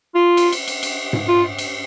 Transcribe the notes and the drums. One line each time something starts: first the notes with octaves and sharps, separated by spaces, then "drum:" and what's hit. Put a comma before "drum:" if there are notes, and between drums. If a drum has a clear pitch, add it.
F4
drum: cymbal
drum: cymbal
drum: cymbal
drum: cymbal
drum: tom G#2
F4
drum: cymbal